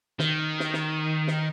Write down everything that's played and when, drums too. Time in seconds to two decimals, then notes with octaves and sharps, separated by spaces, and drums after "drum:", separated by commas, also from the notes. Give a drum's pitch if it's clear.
0.19 D#3, drum: snare
0.60 drum: snare
0.73 drum: snare
1.27 drum: snare